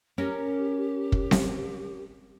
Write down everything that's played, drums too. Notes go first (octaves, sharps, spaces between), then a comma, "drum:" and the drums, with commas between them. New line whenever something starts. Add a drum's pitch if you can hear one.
C#4 G4 A#4
drum: kick
drum: snare C4